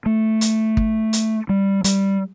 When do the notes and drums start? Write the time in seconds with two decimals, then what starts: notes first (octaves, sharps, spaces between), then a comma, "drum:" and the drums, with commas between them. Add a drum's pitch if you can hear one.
0.06 A3
0.41 drum: hi-hat
0.77 drum: kick
1.13 drum: hi-hat
1.49 G3
1.84 G3, drum: hi-hat